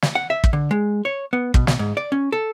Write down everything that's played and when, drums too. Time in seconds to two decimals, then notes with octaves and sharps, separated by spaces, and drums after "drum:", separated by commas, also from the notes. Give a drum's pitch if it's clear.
0.02 drum: snare
0.15 F#5
0.30 E5
0.44 drum: kick
0.53 D3
0.71 G#3
1.05 C#5
1.33 B3
1.54 B2, drum: kick
1.67 B2, drum: snare
1.79 G#2
1.97 D5
2.12 C#4
2.32 A4